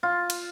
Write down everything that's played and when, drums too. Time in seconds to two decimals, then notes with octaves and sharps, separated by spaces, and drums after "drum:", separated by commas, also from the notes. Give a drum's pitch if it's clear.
0.03 F4
0.30 drum: cymbal